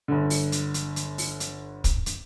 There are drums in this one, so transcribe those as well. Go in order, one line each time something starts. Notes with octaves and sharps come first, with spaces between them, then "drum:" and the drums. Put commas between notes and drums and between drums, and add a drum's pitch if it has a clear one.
G1 D3
drum: open hi-hat
drum: hi-hat
drum: hi-hat
drum: hi-hat
drum: open hi-hat
drum: hi-hat
drum: kick, hi-hat
drum: hi-hat